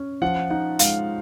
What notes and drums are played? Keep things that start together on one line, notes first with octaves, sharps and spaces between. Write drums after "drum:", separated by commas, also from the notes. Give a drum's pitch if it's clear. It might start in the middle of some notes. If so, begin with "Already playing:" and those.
Already playing: C#4
F3 F#5
D#4 F#5
G#3 F5, drum: hi-hat